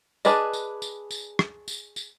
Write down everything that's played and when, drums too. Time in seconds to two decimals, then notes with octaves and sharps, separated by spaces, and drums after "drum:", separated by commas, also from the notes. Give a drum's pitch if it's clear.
0.25 D4 G#4 B4 D5 D#5, drum: tambourine
0.53 drum: tambourine
0.82 drum: tambourine
1.11 drum: tambourine
1.39 drum: rim click
1.68 drum: tambourine
1.96 drum: tambourine